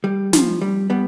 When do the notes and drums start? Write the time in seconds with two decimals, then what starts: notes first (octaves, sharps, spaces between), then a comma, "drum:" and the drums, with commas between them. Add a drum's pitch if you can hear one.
0.04 G3
0.33 F3, drum: snare
0.61 G3
0.90 G3 B3